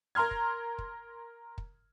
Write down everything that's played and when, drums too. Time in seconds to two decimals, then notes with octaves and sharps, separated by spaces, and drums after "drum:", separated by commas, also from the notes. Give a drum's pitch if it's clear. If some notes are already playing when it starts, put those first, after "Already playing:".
0.15 A#4 A#5 C6 F6 G#6
0.31 drum: kick
0.78 drum: kick
1.58 drum: kick